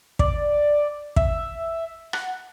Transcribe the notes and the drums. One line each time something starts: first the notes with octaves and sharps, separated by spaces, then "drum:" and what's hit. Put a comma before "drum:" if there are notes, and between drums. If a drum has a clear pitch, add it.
D5, drum: kick
E5, drum: kick
F#5, drum: rim click